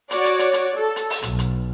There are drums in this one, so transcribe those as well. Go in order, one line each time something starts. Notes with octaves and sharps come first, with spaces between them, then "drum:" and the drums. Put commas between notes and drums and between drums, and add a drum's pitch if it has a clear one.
F#4 C#5 D5, drum: hi-hat
drum: hi-hat
drum: hi-hat
drum: hi-hat
A4
drum: hi-hat
drum: open hi-hat
B1, drum: hi-hat
drum: hi-hat